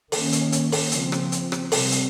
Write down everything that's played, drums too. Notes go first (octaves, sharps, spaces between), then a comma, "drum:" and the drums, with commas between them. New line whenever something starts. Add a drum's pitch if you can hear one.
D#3 A#3 C#4, drum: open hi-hat
drum: hi-hat
drum: hi-hat
drum: open hi-hat
C#3 F3 C4, drum: hi-hat
drum: rim click
drum: hi-hat
drum: rim click
C3 G3 C4, drum: open hi-hat
drum: hi-hat